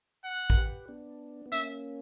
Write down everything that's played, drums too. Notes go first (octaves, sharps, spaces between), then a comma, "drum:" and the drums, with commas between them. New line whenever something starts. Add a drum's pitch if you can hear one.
F#5
A#4, drum: kick
G4 B4
B3 D4
B3
A#3 C#4 E5, drum: tambourine